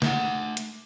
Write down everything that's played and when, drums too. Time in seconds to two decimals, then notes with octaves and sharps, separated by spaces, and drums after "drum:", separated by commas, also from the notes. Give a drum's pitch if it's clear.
0.02 A3 F#5, drum: snare
0.57 drum: hi-hat